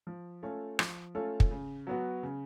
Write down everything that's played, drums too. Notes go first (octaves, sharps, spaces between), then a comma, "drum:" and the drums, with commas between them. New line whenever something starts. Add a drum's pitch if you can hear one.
F3
A3 C#4 F4 A4
F3, drum: rim click
A3 C#4 F4 A4
drum: kick
C#3
F#3 B3 F#4
C#3